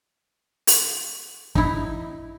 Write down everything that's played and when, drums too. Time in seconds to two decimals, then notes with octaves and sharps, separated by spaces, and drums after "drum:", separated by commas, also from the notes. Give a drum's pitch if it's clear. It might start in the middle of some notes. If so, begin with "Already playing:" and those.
0.67 drum: open hi-hat
1.55 D#4 E4, drum: kick